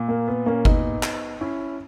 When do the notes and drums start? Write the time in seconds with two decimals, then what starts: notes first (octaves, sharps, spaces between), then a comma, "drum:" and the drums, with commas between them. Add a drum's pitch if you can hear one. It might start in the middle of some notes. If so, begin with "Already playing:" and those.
Already playing: A#2
0.09 A#3
0.28 B3
0.46 A#3 C#4
0.65 B3 D#4, drum: kick G1
1.03 drum: clap
1.41 C#4 E4